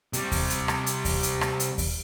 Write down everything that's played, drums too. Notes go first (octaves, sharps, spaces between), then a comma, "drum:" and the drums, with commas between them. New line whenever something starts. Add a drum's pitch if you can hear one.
C3 G3, drum: hi-hat
drum: kick D#2, open hi-hat
drum: hi-hat
drum: rim click
drum: hi-hat
drum: kick D#2, open hi-hat
drum: hi-hat
drum: rim click
drum: hi-hat
drum: kick D#2, open hi-hat